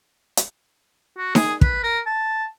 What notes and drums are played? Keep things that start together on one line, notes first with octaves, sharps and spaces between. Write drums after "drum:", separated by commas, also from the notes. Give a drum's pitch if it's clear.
drum: hi-hat
F#4
G#4, drum: snare D#4
B4, drum: kick
A#4
A5